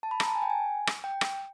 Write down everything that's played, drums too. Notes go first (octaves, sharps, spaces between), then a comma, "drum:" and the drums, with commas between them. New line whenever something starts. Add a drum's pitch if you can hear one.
A5
B5
A#5, drum: rim click
A5
G#5
G5
G#5
drum: rim click
G5
drum: rim click